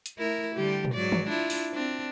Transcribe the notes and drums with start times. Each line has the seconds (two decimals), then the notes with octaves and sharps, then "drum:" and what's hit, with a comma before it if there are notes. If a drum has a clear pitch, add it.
0.06 drum: hi-hat
0.17 A3 E4 A#4
0.55 D3 G3 G4
0.85 drum: tom A#2
0.94 G#2 F#3 D5
1.12 drum: tom
1.28 D4 E4 F4
1.50 drum: open hi-hat
1.73 C4 D4